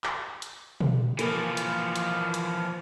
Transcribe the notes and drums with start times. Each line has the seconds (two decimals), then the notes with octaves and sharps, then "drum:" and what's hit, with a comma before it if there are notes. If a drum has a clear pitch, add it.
0.04 drum: clap
0.42 drum: hi-hat
0.81 drum: tom
1.19 E3 F3 A#3, drum: hi-hat
1.57 drum: hi-hat
1.96 drum: hi-hat
2.34 drum: hi-hat